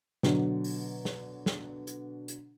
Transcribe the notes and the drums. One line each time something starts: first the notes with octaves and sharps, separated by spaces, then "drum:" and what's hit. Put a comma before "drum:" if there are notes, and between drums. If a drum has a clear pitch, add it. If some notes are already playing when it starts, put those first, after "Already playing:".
B2 D3 F#3, drum: snare
drum: open hi-hat
drum: snare
drum: snare
drum: hi-hat
drum: hi-hat